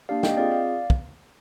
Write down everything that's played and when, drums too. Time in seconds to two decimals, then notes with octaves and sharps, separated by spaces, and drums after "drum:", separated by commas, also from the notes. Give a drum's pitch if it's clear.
0.09 A#3 D4 G4 D5 F5
0.23 D#5 G5, drum: snare
0.37 C4 F4 G#4 D5 F5
0.51 D5 F5
0.90 drum: kick